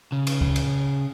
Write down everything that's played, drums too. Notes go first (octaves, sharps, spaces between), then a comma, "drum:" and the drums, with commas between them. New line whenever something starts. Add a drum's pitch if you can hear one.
C#3
drum: cymbal
drum: kick
drum: cymbal